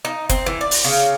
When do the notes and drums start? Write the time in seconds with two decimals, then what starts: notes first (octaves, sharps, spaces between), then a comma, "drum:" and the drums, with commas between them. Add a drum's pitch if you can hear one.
0.05 D#4
0.29 C4, drum: kick F#1, hi-hat
0.46 E3
0.61 D5
0.71 drum: open hi-hat
0.84 C#3